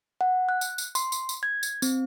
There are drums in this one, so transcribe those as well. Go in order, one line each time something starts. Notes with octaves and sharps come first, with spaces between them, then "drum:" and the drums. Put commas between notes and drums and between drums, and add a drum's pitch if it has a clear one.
F#5
F#6
drum: tambourine
drum: tambourine
C6, drum: tambourine
drum: tambourine
drum: tambourine
G#6
drum: tambourine
C4, drum: tambourine